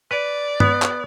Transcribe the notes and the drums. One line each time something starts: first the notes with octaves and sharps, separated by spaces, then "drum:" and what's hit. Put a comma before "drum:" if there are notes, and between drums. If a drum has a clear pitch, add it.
B4 D5
B3, drum: tom G2
drum: clap